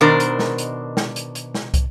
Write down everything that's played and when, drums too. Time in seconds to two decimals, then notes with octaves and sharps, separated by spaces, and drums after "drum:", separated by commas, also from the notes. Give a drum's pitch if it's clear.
0.01 B2 D#3 D4 A#4 C5
0.20 drum: hi-hat
0.39 drum: snare
0.58 drum: hi-hat
0.97 drum: snare
1.16 drum: hi-hat
1.35 drum: hi-hat
1.55 drum: snare
1.74 drum: kick, hi-hat